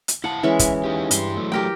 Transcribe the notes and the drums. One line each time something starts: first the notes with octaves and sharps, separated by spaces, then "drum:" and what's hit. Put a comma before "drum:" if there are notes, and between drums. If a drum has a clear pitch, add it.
drum: hi-hat
E4 F5 F#5 A5
E3 G#3 C#4 E5
drum: kick, hi-hat
D#4 G4
G2 G4 C6, drum: hi-hat
F#3 A3
G4 A#4 G5